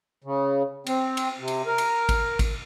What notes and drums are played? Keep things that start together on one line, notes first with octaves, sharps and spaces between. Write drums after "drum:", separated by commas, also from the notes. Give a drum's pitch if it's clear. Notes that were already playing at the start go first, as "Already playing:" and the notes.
C#3
C4, drum: cymbal
drum: cymbal
C3
drum: cymbal
A#4
drum: cymbal
drum: kick, cymbal
drum: kick, cymbal